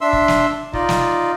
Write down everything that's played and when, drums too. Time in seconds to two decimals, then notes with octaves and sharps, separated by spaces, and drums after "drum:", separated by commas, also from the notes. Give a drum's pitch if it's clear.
0.01 D4 E5 C6 E6
0.13 drum: kick
0.28 drum: snare
0.73 D#4 F4 D5 D#5, drum: kick
0.89 drum: snare